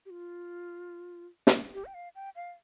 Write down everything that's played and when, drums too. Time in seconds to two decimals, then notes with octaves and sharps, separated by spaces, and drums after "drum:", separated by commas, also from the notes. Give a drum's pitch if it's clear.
0.06 G4
0.10 F4
1.47 drum: snare
1.74 G4
1.85 G5
1.94 F5
2.15 G5
2.36 F5